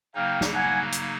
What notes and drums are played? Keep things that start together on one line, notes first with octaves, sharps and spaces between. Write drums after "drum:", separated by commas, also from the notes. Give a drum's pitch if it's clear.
C#3 F#3 A#3 D#4 F5 G5
drum: snare
F#5 G#5
drum: hi-hat